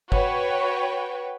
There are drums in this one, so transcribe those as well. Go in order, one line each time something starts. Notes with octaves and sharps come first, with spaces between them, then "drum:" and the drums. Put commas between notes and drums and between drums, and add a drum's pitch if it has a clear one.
F#4 B4 C#5 G5, drum: kick G1